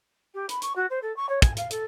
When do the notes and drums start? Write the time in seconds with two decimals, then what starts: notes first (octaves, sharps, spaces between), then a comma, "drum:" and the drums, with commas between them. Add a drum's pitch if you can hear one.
0.34 G4
0.49 B5, drum: hi-hat
0.62 C#6, drum: hi-hat
0.76 F#4
0.90 C5
1.02 A4
1.16 C#6
1.29 C#5
1.42 G#5, drum: kick, hi-hat
1.57 F5, drum: hi-hat
1.71 A4, drum: hi-hat